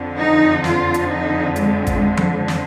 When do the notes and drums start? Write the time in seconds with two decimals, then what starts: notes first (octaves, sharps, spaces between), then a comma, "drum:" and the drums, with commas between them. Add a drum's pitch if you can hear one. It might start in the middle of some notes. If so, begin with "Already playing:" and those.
Already playing: F2 D3
0.17 D#4
0.64 F4, drum: snare
0.94 drum: hi-hat
1.09 D#4
1.56 G#3, drum: hi-hat
1.87 drum: kick G#1, hi-hat
2.17 drum: tom F3
2.48 drum: snare